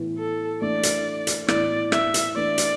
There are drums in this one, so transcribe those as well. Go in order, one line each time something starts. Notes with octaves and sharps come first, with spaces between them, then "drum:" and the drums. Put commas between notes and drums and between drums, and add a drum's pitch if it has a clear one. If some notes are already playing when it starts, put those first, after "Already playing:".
Already playing: A2 E3 B3 E4
A4
E3 A3 D4 D5
drum: hi-hat
drum: hi-hat
A2 E3 B3 D5, drum: rim click
E5, drum: rim click
drum: hi-hat
E3 A3 D4 B4 D5
drum: hi-hat